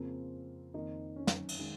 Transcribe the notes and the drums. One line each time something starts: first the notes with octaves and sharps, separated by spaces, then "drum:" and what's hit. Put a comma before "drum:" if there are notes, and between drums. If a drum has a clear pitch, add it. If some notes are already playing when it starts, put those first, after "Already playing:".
Already playing: F2 C#3 F3 A#3 C4
F2 D#3 A#3 D#4
C#4
drum: snare
drum: cymbal
D#3 G#3